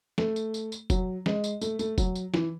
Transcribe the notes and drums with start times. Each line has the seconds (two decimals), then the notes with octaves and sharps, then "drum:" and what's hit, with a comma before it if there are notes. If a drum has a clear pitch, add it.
0.18 A3, drum: snare
0.36 drum: tambourine
0.54 drum: tambourine
0.72 drum: tambourine
0.90 F#3, drum: kick F1, tambourine
1.26 G#3, drum: snare
1.44 drum: tambourine
1.61 A3, drum: tambourine
1.79 A3, drum: tambourine
1.98 F#3, drum: kick F1, tambourine
2.15 drum: tambourine
2.34 E3, drum: snare